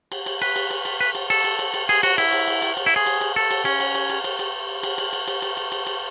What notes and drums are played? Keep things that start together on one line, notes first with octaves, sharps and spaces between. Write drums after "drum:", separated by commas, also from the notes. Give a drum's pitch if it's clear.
drum: cymbal
drum: cymbal
B4, drum: cymbal
drum: cymbal
drum: cymbal
drum: cymbal
B4
drum: cymbal
A4, drum: cymbal
drum: cymbal
drum: cymbal
drum: cymbal
G#4, drum: cymbal
F#4, drum: cymbal
E4, drum: cymbal
drum: cymbal
drum: cymbal
drum: cymbal
drum: cymbal
E4
G#4
drum: cymbal
drum: cymbal
A4
drum: cymbal
C#4, drum: cymbal
drum: cymbal
drum: cymbal
drum: cymbal
drum: cymbal
drum: cymbal
drum: cymbal
drum: cymbal
drum: cymbal
drum: cymbal
drum: cymbal
drum: cymbal
drum: cymbal
drum: cymbal